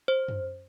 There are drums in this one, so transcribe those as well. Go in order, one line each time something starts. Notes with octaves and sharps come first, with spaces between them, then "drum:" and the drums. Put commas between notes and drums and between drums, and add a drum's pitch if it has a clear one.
C5
drum: tom F#2